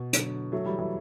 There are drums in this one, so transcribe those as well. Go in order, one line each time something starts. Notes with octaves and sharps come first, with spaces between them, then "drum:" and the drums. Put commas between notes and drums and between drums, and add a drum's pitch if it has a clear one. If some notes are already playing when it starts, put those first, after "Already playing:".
Already playing: B2
D3 F#3, drum: hi-hat
F#3 A3
E3 G3
E3 G3